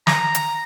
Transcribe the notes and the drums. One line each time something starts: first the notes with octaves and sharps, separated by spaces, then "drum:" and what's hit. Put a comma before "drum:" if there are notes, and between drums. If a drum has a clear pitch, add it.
A#5, drum: snare
drum: hi-hat